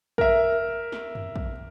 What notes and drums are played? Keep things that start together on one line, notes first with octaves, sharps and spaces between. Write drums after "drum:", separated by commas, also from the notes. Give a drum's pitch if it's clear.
A#4 E5, drum: kick
drum: snare
drum: tom F2
drum: kick